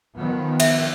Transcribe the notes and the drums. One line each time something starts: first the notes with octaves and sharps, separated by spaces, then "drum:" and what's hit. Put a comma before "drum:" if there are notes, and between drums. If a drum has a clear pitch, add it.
D#3 F3 B3
E5, drum: cymbal